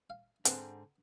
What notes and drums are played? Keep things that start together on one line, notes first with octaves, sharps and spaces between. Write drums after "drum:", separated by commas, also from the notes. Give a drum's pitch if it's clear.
F5
G#2 D3 B3 C4, drum: hi-hat